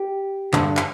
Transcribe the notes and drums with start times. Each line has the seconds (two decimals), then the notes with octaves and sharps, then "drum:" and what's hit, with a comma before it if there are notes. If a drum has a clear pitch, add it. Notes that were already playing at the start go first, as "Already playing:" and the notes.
Already playing: G4
0.53 G2 D3, drum: clap
0.77 drum: clap